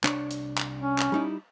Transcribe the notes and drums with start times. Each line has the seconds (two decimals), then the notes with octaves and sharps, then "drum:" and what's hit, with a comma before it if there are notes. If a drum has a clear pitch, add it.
0.04 C2 D4 C#5, drum: clap
0.31 drum: hi-hat
0.58 drum: clap
0.78 C#4
0.98 drum: clap
1.12 G3 D#4 E4